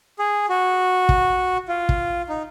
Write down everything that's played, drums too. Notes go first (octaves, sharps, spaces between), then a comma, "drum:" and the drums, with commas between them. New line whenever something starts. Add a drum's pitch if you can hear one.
G#4
F#4
drum: kick
F4
drum: kick
D#4